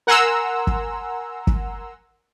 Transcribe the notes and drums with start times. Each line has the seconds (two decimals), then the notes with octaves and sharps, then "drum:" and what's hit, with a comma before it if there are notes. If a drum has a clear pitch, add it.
0.07 A#4 F#5 G#5 A#5 C6 E6
0.67 drum: kick
1.47 drum: kick